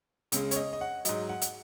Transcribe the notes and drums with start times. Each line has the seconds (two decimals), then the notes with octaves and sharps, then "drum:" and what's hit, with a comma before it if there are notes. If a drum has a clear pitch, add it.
0.32 C#2 C#3 G#3, drum: hi-hat
0.51 C#5, drum: hi-hat
0.56 D#5
0.73 D#5
0.81 F#5
1.05 G#2 F#3 D#5, drum: hi-hat
1.29 F#5
1.41 drum: hi-hat